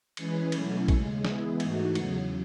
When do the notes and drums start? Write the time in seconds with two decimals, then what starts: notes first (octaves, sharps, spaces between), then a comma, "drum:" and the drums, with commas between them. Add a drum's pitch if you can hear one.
0.17 E3 G#3 C#4 G#4 B4, drum: cymbal
0.52 B2 F#3 A3 C#4 E4, drum: cymbal
0.88 D#2 C#3 G#3, drum: kick, cymbal
1.25 E3 G#3 B3 E4 G#4, drum: snare
1.60 G#2 E3 A3 D#4 F#4, drum: cymbal
1.95 E2 C#3 F#3, drum: cymbal